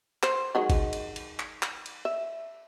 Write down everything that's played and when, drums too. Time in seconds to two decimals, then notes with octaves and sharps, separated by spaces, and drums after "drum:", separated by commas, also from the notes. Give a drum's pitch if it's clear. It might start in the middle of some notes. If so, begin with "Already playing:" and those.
0.23 C5, drum: clap
0.55 D#3 F#3 G#3
0.70 drum: kick G#1, cymbal
0.93 drum: cymbal
1.16 drum: cymbal
1.39 drum: clap
1.63 drum: clap
1.86 drum: cymbal
2.05 E5